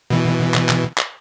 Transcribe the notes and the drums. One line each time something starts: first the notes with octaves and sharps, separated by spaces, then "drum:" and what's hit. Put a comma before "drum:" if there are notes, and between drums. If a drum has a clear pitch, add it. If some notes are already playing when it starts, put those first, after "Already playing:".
B2 E3
drum: clap
drum: clap
drum: clap